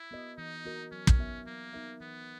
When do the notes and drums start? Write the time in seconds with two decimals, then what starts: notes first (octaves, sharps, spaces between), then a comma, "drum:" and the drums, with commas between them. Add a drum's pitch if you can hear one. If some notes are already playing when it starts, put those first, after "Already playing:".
Already playing: E4
0.11 B3 F#4 A#4 D#5
0.38 E3 D#4
0.65 B3 F#4 A#4 D#5
0.92 F#3 C#4
1.07 drum: kick
1.19 B3 D#4 A#4 E5
1.47 F#3 A#3
1.73 B3 D#4 A#4 E5
2.00 E3 B3